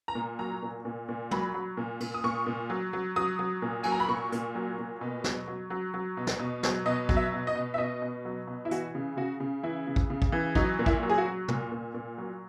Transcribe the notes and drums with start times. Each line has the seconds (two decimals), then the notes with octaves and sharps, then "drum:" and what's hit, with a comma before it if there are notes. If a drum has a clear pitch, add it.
0.08 A#5
0.15 A#2
0.39 F#3 A#5
0.62 A#2
0.85 A#2
1.09 A#2
1.31 F#3 B5, drum: tom
1.54 F#3
1.77 A#2
2.00 A#2, drum: cymbal
2.14 D#6
2.24 A#2 C#6
2.46 A#2
2.70 F#3
2.93 F#3
3.16 F#3 D#6
3.39 F#3
3.62 A#2
3.83 F#3 G#5, drum: cymbal
3.92 A#5
4.00 B5
4.08 A#2 C#6
4.32 A#2, drum: hi-hat
4.55 F#3
4.78 A#2
5.01 B2
5.24 F#3, drum: snare
5.47 F#3
5.70 F#3
5.94 F#3
6.17 B2
6.27 drum: snare
6.39 B2
6.63 F#3, drum: snare
6.86 B2 D#5
7.09 F#3, drum: kick
7.16 E5
7.32 B2
7.47 D#5
7.55 B2
7.74 E5
7.78 B2 D#5
8.02 B2
8.25 F#3
8.47 B2
8.65 E4
8.71 E3 F#4, drum: hi-hat
8.95 C#3
9.17 C#3 F#4
9.40 C#3
9.63 E3 E4
9.87 C#3
9.96 drum: kick
10.10 C#3
10.22 drum: kick
10.32 E3
10.55 F#3 D#4, drum: kick
10.79 A#2
10.86 E4, drum: kick
11.03 F#3
11.09 G#4
11.18 F#4
11.26 F#3
11.48 A#2, drum: tom
11.72 A#2
11.94 A#2
12.18 F#3